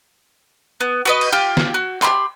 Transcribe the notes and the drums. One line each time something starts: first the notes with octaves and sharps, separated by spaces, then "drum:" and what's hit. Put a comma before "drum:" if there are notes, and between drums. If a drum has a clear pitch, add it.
B3
F#4 B4 D#5
drum: cymbal
F4 G4
drum: snare
F#4
G4 B5 C6, drum: clap